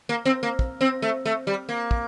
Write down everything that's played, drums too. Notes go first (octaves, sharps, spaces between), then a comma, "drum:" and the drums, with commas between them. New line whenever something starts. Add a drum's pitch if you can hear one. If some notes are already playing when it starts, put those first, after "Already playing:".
A#3
C4
A#3
drum: kick
C4
A3
A3
G3
A#3
drum: kick